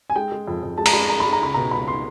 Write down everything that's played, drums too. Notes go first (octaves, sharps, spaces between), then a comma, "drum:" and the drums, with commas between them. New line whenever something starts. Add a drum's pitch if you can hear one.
G#5
G#3 G5
G#3
F2
F2
G#3 A5
A#5, drum: cymbal
G#3 B5
G#3 A#5
G#3 B5
A#5
C#2 B5
B2 A#5
C#2 B5
C6